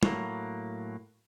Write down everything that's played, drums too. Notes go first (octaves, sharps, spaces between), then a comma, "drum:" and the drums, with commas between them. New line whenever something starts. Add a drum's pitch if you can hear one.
A2 F#3 A#3, drum: tom